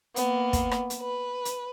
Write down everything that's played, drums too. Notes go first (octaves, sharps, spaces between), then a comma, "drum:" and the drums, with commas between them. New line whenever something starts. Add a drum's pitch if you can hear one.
A#3 B3, drum: hi-hat
drum: kick, hi-hat
drum: rim click
drum: hi-hat
B4
drum: hi-hat